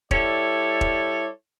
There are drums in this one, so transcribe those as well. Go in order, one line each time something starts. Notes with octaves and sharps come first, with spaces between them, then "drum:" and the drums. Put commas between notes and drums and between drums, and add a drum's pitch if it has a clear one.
G3 E4 A4 C#5 D5, drum: kick E1
drum: kick E1